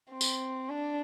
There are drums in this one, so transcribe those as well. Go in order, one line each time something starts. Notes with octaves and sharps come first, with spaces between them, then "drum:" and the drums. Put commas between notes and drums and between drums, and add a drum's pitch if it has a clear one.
C4
drum: tambourine
D4